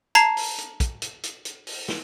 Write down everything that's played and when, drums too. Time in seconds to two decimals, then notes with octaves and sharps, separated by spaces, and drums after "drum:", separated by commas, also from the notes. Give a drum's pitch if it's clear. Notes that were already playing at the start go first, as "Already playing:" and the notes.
0.15 A5 A#5 G#6 C7, drum: hi-hat
0.37 drum: open hi-hat
0.58 drum: hi-hat
0.80 drum: kick, hi-hat
1.02 drum: hi-hat
1.23 drum: hi-hat
1.45 drum: hi-hat
1.67 drum: open hi-hat
1.88 drum: snare